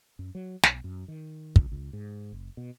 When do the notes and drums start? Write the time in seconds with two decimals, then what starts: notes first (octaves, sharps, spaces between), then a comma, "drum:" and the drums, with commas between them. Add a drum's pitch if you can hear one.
0.19 F#2
0.35 F#3
0.63 B1, drum: snare
0.84 F#2
1.08 D#3
1.56 C#2, drum: kick
1.72 C#2
1.93 G#2
2.32 F#1
2.57 B2